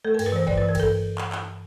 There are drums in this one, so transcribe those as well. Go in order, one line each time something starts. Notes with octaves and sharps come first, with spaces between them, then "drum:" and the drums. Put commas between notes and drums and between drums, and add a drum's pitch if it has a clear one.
A3 A4
A#4
G2, drum: cymbal
B4
E3 C5
G2 D5, drum: kick G1
E3 B4
A#4
G2 A4, drum: kick G1, cymbal
drum: clap
drum: clap